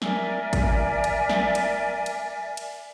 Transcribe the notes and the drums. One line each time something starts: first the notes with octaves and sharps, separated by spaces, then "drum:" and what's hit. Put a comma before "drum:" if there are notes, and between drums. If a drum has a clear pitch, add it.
A#4 D5 E5 G#5, drum: snare
drum: kick A1, cymbal
drum: cymbal
drum: snare
drum: cymbal
drum: cymbal
drum: cymbal